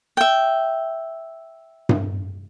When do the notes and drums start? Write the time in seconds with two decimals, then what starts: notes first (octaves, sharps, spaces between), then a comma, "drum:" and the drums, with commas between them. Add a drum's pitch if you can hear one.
0.17 E5 G5
1.89 drum: tom G2